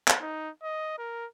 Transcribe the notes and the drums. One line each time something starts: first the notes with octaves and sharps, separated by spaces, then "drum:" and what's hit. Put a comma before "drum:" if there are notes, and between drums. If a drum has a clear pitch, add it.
drum: clap
D#4
D#5
A#4